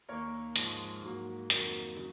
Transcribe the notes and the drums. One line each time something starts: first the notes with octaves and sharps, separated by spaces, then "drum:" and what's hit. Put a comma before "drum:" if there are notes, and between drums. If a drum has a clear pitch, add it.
D#2 D#3 A#3 A#4 C#5
G#2 F3 G#3, drum: hi-hat
G#2 F#3 A#3
F2 D#3 F#3 A#3, drum: hi-hat
C#3 F#3